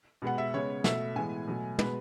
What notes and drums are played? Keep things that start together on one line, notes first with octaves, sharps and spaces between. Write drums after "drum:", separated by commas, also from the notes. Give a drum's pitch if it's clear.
B2 G#3 B3 F#5
E5
C#3 G#3 B3 C#5
B2 A3 E5, drum: snare
A2 E3 G#3 B3 G#5
B2 F#3 A3
B2 G#3 B3 B4, drum: tom